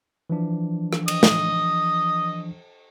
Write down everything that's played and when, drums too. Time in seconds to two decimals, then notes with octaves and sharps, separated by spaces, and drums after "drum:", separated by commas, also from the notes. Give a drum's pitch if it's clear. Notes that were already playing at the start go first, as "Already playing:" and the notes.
0.30 E3 F3 D4
0.93 drum: rim click
1.08 D#5 D#6, drum: cymbal
1.23 drum: snare